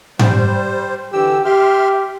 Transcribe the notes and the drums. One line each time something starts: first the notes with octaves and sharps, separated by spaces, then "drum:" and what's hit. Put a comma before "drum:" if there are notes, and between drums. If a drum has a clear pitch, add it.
G3 C5, drum: tom G#2
D3 E3 G4 E6
G4 E5 C6 F6